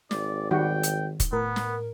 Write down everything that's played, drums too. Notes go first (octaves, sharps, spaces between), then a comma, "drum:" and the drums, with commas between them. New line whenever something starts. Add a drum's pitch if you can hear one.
G#1 D5, drum: snare
D#3 G3 F#4 G5
drum: hi-hat
drum: kick, hi-hat
A2 B3 A#4
drum: snare